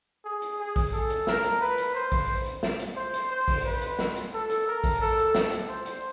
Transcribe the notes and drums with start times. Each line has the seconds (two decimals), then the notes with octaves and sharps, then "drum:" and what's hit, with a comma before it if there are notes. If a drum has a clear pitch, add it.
0.25 G#4
0.42 drum: hi-hat
0.59 G#4
0.76 drum: kick, open hi-hat
0.92 A4
1.10 drum: hi-hat
1.27 A#4, drum: snare
1.44 drum: hi-hat
1.61 B4
1.78 drum: hi-hat
1.94 C5
2.12 drum: kick, open hi-hat
2.46 drum: hi-hat
2.63 drum: snare
2.80 drum: hi-hat
2.96 C5
3.14 drum: hi-hat
3.31 C5
3.48 drum: kick, open hi-hat
3.65 B4
3.82 drum: hi-hat
3.99 drum: snare
4.16 drum: hi-hat
4.33 A4
4.50 drum: hi-hat
4.67 A#4
4.84 drum: kick, open hi-hat
5.01 A4
5.18 drum: hi-hat
5.35 drum: snare
5.52 drum: hi-hat
5.69 C5
5.86 drum: hi-hat